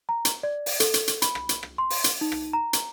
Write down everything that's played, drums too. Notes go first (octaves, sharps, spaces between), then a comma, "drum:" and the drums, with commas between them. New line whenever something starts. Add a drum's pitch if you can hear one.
A#5
drum: hi-hat
D5
drum: open hi-hat
A4, drum: hi-hat
drum: hi-hat
drum: hi-hat
B5, drum: hi-hat
drum: rim click
drum: hi-hat
drum: rim click
C6
drum: open hi-hat
drum: hi-hat
D#4
drum: rim click
A#5
drum: hi-hat